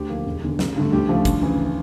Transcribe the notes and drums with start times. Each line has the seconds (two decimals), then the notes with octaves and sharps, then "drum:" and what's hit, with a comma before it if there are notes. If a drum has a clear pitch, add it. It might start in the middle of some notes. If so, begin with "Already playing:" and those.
Already playing: D2 G4
0.09 D3 F3 A#3
0.26 E1
0.43 E2 D3
0.59 A1, drum: snare
0.76 G2 D3 A3
0.93 D2 G4
1.09 C#3 F3 A3
1.25 D2, drum: kick, hi-hat
1.42 C#3 E3